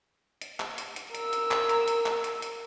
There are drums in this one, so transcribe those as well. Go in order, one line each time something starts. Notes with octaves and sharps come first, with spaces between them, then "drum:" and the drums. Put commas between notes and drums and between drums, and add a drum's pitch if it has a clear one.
drum: hi-hat
drum: clap
drum: hi-hat
drum: hi-hat
A#4 E6, drum: hi-hat
drum: hi-hat
drum: clap
drum: hi-hat
drum: hi-hat
drum: clap
drum: hi-hat
drum: hi-hat